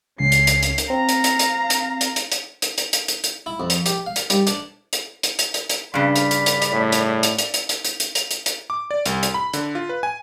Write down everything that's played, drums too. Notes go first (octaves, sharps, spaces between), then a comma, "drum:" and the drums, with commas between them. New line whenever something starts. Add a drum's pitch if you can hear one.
C#2 C#4 C7
drum: hi-hat
drum: hi-hat
drum: hi-hat
drum: hi-hat
C4 F5 A#5
drum: hi-hat
drum: hi-hat
drum: hi-hat
drum: hi-hat
drum: hi-hat
drum: hi-hat
drum: hi-hat
drum: hi-hat
drum: hi-hat
drum: hi-hat
drum: hi-hat
drum: hi-hat
E4
F2
drum: hi-hat
G4, drum: hi-hat
F5
drum: hi-hat
G3, drum: hi-hat
D4, drum: hi-hat
drum: hi-hat
drum: hi-hat
drum: hi-hat
drum: hi-hat
drum: hi-hat
G2 C#3 D5 B5
drum: hi-hat
drum: hi-hat
drum: hi-hat
drum: hi-hat
A2
drum: hi-hat
drum: hi-hat
drum: hi-hat
drum: hi-hat
drum: hi-hat
drum: hi-hat
drum: hi-hat
drum: hi-hat
drum: hi-hat
drum: hi-hat
D6
D5
C2, drum: hi-hat
drum: hi-hat
B5
D3, drum: hi-hat
F4
B4
G#5